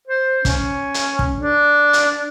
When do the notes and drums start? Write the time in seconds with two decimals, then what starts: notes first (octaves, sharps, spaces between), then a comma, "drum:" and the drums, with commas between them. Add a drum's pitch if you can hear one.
0.07 C5
0.45 C#4, drum: kick, hi-hat
0.94 drum: hi-hat
1.19 drum: kick
1.37 D4
1.93 drum: hi-hat